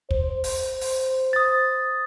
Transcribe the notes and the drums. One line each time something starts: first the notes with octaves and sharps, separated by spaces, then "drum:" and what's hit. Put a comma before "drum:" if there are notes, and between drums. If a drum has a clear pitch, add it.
C5, drum: kick
drum: open hi-hat
drum: open hi-hat
D#6 A6